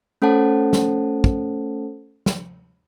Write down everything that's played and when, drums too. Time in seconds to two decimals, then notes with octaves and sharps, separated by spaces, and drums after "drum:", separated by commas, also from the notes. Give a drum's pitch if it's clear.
0.22 A3 C#4 A4 C5 F#5 A5
0.73 drum: snare
1.24 drum: kick
2.26 drum: snare